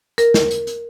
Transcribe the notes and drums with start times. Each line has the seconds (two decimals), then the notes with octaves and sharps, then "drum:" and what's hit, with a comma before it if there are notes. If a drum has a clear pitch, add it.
0.18 A#4, drum: hi-hat
0.34 drum: snare
0.51 drum: hi-hat
0.67 drum: hi-hat